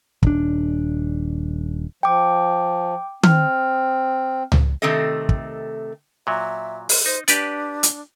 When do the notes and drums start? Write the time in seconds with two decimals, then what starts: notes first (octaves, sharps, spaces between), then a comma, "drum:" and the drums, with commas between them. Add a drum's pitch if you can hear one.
0.23 D#1 D4, drum: kick
2.03 F3 G5 D6
3.23 C4 F6, drum: tom D#3
4.52 drum: tom C#2
4.82 C3 D#3 A3 C4 A4 D#5
5.29 drum: kick
6.27 A#2 F#3 E5
6.89 drum: open hi-hat
7.06 D#4 C5
7.28 D4 G4 B4 D5, drum: hi-hat
7.83 drum: hi-hat